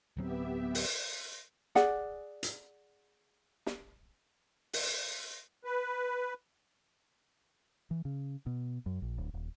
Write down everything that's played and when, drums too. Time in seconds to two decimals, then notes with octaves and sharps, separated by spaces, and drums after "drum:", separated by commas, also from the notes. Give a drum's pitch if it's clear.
0.17 D1 F#3 B3 C4 G4 E5
0.75 drum: open hi-hat
1.75 G#4 D5 F#5, drum: snare
2.43 drum: hi-hat
3.66 drum: snare
4.73 drum: open hi-hat
5.65 B4
7.91 E3
8.05 C#3
8.46 B2
8.86 F#2
9.02 A#1
9.18 D1
9.33 D#1